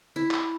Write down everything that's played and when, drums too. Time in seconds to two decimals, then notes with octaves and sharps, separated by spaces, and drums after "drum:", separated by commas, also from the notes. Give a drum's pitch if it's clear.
0.16 E4
0.31 drum: clap